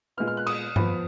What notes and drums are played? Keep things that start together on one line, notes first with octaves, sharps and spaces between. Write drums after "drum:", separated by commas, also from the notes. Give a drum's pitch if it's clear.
A#2 G#3 B3 F6
F6
F#6
D#6, drum: cymbal
F2 F3 B3 B5, drum: tom G2